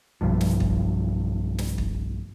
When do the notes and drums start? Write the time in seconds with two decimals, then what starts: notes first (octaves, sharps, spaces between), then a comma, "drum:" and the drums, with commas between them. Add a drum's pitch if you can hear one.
0.21 B1 G2 F3
0.41 drum: snare
0.60 drum: kick
1.58 drum: snare
1.78 drum: kick